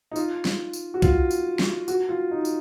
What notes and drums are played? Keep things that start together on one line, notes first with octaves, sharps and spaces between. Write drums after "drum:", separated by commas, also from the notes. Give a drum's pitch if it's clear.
D#4
F4, drum: tambourine
drum: snare
drum: tambourine
F#4
F4, drum: kick C2, tambourine
drum: tambourine
drum: snare
F#4, drum: tambourine
F4
D#4
drum: tambourine